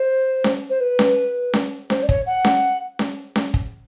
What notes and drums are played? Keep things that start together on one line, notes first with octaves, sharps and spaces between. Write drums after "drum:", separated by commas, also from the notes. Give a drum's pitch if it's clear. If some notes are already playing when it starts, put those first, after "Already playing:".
Already playing: C5
drum: snare C#4
C5
B4
drum: snare C#4
drum: snare C#4
C5, drum: snare C#4
D5
C#5, drum: kick
F#5
drum: snare C#4
drum: snare C#4
drum: snare C#4
drum: kick